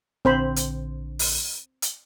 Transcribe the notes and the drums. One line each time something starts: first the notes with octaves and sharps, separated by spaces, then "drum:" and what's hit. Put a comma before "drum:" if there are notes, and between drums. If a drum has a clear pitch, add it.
A#1 D3 C4 C5 B5
drum: hi-hat
drum: open hi-hat
drum: hi-hat